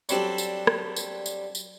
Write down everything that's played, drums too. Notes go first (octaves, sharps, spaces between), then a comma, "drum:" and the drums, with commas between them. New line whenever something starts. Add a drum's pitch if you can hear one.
F#3 G3 C4 D4 A4, drum: tambourine
drum: tambourine
drum: rim click
drum: tambourine
drum: tambourine
drum: tambourine